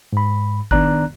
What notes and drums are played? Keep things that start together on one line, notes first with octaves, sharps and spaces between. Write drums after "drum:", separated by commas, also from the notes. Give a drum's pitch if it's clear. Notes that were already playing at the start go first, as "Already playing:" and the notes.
G#2 B5
D#3 B3 D4 D5 A#5 F#6, drum: kick G1